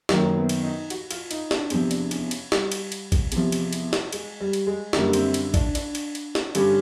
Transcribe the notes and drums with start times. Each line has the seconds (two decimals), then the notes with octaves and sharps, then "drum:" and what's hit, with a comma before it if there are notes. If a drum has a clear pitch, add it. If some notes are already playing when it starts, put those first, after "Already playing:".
0.09 F#2 D#3 F#3 A#3, drum: snare
0.36 B3
0.49 drum: cymbal
0.63 D#4
0.90 F#4, drum: cymbal
1.11 F4, drum: cymbal
1.31 D#4, drum: cymbal
1.51 D4, drum: snare
1.70 E2 C3 F3 C4, drum: cymbal
1.91 D4, drum: cymbal
2.11 C#4, drum: cymbal
2.31 drum: cymbal
2.52 G3, drum: snare
2.72 drum: cymbal
2.92 drum: cymbal
3.12 drum: kick, cymbal
3.32 E2 C3 F3, drum: cymbal
3.52 drum: cymbal
3.73 drum: cymbal
3.93 drum: snare
4.13 G#3, drum: cymbal
4.40 G3
4.53 drum: cymbal
4.67 G#3
4.93 F#2 D3 G3 A#3, drum: snare
5.13 C4, drum: cymbal
5.34 drum: cymbal
5.54 D4, drum: kick, cymbal
5.75 D4, drum: cymbal
5.95 drum: cymbal
6.15 drum: cymbal
6.35 drum: snare
6.55 G2 D3 G3 C#4, drum: cymbal